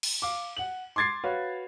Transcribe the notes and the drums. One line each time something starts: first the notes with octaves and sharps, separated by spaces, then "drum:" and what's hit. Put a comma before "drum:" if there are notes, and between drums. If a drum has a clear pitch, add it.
drum: cymbal
F5 D6
F#5 F#7
C6 D6 G#6 A6 C7
F#4 B4 C#5 F5